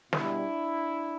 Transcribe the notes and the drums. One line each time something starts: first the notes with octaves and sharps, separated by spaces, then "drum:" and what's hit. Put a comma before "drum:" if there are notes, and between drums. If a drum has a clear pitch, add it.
B2 G3 D4 E4, drum: snare